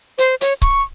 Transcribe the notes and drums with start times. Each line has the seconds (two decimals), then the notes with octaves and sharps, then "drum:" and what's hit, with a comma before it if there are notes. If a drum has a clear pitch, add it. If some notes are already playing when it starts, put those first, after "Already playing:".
0.18 C5, drum: hi-hat
0.41 C#5, drum: hi-hat
0.62 C#6, drum: kick C#1